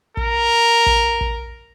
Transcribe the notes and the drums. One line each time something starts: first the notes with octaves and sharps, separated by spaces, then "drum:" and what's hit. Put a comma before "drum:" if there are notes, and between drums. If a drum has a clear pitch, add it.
A#4, drum: kick
drum: kick
drum: kick